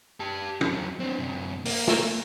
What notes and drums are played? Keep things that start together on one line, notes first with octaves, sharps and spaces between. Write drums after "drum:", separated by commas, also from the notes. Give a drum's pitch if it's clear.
G4 A5
F2 F#3, drum: tom
C4 D4
F#2 C3
A#3, drum: open hi-hat
drum: snare